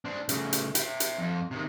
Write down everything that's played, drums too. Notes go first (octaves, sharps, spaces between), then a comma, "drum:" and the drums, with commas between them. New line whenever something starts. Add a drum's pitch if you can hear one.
D4 C5
C#3 A3, drum: hi-hat
drum: hi-hat
E5 G5, drum: hi-hat
drum: hi-hat
F2
C3 D#3